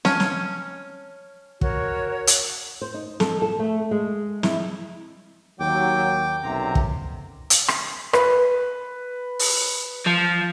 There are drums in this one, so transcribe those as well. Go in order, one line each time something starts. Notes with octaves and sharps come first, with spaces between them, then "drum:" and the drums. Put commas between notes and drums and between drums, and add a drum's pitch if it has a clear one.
C#4 A5 F6 G#6, drum: snare
drum: snare
F#4 A#4 C#5, drum: kick
drum: hi-hat
C5
D#4
A4, drum: snare
A4
A3
G#3
E4, drum: snare
D#2 F#3 G5 D6
B1 F#2 C3 A#5
drum: kick
drum: hi-hat
drum: rim click
B4, drum: rim click
drum: open hi-hat
F3